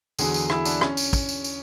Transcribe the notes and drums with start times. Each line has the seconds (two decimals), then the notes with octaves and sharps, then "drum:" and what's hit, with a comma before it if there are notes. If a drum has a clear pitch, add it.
0.19 E2 D3 F#3 G#4, drum: tambourine
0.34 drum: tambourine
0.50 E4, drum: rim click
0.65 D4, drum: tambourine
0.81 C#4, drum: rim click
0.97 drum: tambourine
1.13 drum: kick, tambourine
1.29 drum: tambourine
1.44 drum: tambourine